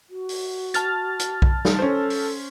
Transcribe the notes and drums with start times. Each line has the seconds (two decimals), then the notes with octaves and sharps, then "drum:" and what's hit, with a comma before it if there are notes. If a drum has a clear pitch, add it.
0.10 F#4
0.29 drum: open hi-hat
0.74 A5 F6 A6, drum: hi-hat
1.19 drum: hi-hat
1.42 drum: kick B1
1.65 drum: snare
1.79 C#4 A4 C5
2.10 drum: open hi-hat